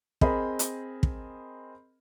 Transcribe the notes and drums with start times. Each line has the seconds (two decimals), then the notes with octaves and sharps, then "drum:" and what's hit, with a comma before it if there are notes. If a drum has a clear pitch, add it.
0.21 C4 G#4 A#4 D#5 B5, drum: kick
0.59 drum: hi-hat
1.03 drum: kick